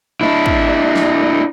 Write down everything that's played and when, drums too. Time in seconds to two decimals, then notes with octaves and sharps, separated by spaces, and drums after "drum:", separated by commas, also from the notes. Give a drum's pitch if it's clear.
0.21 D4 E4
0.46 drum: kick
0.95 drum: snare